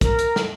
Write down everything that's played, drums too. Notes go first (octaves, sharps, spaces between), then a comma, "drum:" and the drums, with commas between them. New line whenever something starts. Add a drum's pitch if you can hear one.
A#4, drum: kick, hi-hat
drum: hi-hat
drum: snare